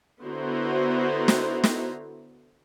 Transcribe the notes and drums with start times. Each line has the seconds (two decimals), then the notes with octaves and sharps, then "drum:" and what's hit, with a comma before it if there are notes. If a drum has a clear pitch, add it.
0.23 D3 B3 E4 F#4 C5 A#5
1.28 drum: snare
1.64 drum: snare